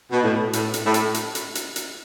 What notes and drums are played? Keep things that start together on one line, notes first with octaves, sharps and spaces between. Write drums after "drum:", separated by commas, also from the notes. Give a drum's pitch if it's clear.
B2
A2
A2, drum: hi-hat
drum: hi-hat
A2
drum: hi-hat
drum: hi-hat
drum: hi-hat
drum: hi-hat
drum: hi-hat